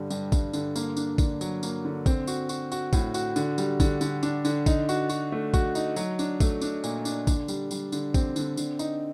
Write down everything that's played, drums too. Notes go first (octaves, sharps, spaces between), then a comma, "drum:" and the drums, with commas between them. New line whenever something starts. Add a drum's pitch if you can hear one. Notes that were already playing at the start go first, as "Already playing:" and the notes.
Already playing: G2 D3 G3
G2, drum: tambourine
G2, drum: kick A1, tambourine
D3, drum: tambourine
A#3, drum: tambourine
D4, drum: tambourine
D3, drum: kick A1, tambourine
F#3, drum: tambourine
A#3, drum: tambourine
D3
C4, drum: kick A1, tambourine
F#4, drum: tambourine
F#4, drum: tambourine
F#4, drum: tambourine
A2, drum: kick A1, tambourine
F#4, drum: tambourine
D3, drum: tambourine
G3, drum: tambourine
D3, drum: kick A1, tambourine
D3, drum: tambourine
D4, drum: tambourine
D3, drum: tambourine
D#4, drum: kick A1, tambourine
F#4, drum: tambourine
F#4, drum: tambourine
A3
F#4, drum: kick A1, tambourine
D#4, drum: tambourine
F#3, drum: tambourine
D4, drum: tambourine
A3, drum: kick A1, tambourine
D4, drum: tambourine
A#2, drum: tambourine
D4, drum: tambourine
D3, drum: kick A1, tambourine
G3, drum: tambourine
G3, drum: tambourine
D3, drum: tambourine
C4, drum: kick A1, tambourine
D3, drum: tambourine
D3, drum: tambourine
D#4, drum: tambourine